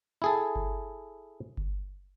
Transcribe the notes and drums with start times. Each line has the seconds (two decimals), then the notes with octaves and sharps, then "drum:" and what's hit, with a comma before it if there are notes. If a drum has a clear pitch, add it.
0.22 E4 G#4 A4
0.56 drum: kick G1
1.57 drum: kick G1